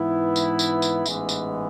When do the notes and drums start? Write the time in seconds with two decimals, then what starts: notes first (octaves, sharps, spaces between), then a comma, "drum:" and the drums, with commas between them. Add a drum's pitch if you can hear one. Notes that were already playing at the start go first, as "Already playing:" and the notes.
Already playing: G#2 E3 B3 E4
0.36 drum: tambourine
0.59 drum: tambourine
0.82 drum: tambourine
1.06 A1 G#2 E3 G#3 B3, drum: tambourine
1.29 drum: tambourine